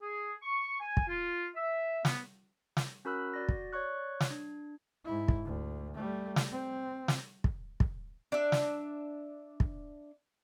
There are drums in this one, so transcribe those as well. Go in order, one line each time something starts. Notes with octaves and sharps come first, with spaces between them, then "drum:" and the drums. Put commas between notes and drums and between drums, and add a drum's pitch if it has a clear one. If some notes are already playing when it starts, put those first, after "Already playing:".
G#4
C#6
G#5
drum: kick
F4
E5
B3, drum: snare
drum: snare
C#4 F#4 A#4 B5 E6 F#6
F#4 D5 A#6
drum: kick
C#5 D5 C#6 F#6
drum: snare
D4
G#2 E4
drum: kick
D2
G3 A3
drum: snare
C4
drum: snare
drum: kick
drum: kick
D4 E5
drum: snare
drum: kick